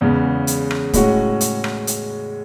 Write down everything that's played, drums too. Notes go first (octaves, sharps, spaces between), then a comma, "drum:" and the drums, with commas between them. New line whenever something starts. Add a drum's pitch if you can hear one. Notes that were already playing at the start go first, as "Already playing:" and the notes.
E2 C#3 G#3 B3
drum: hi-hat
drum: rim click
A2 G#3 C#4 F#4, drum: kick, hi-hat
drum: hi-hat
drum: rim click
drum: hi-hat